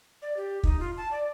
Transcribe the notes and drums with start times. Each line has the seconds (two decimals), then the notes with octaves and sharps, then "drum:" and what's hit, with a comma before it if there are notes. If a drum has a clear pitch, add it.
0.22 D5
0.37 G4
0.63 D#4, drum: kick
0.80 F4
0.97 A5
1.11 D5